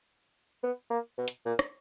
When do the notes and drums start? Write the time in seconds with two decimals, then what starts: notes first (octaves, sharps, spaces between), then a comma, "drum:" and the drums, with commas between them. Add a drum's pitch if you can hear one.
0.63 B3
0.90 A#3
1.18 B2
1.28 drum: hi-hat
1.45 A#2
1.59 drum: rim click